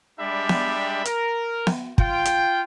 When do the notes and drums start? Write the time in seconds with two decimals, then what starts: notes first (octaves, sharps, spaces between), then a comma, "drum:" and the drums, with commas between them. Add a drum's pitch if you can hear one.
0.20 G3 G#3 D4 G4 E5 B5
0.49 drum: snare B3
1.05 A#4, drum: hi-hat
1.67 drum: snare B3
1.98 F4 G5, drum: kick
2.25 drum: hi-hat